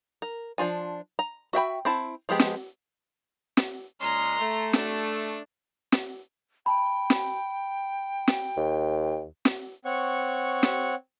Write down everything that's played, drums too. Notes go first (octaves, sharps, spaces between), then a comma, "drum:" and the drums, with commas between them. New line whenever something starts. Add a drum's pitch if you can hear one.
A#4
F3 D4 F4 G#5
A#5
F#4 E5 G5 B5
C4 E4 A5
F3 G#3 B3 G4 G#4
drum: snare
drum: snare
A#2 G#3 C#4 A#5 C6
A3
D4, drum: snare
drum: snare
G5 A5 B5
drum: snare
drum: snare
D#2
drum: snare
C4 C#5 F#5 C#6
drum: snare